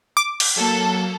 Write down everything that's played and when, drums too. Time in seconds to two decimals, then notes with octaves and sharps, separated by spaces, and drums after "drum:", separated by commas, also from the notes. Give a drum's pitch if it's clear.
0.17 D6
0.40 drum: cymbal
0.56 F#3 A#3 A4